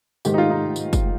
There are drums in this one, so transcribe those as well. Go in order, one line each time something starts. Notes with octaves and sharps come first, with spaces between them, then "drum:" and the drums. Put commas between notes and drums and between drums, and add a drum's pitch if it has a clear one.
G#2 D#3 G4, drum: tambourine
D#4
F4
D#4
drum: tambourine
drum: kick, tambourine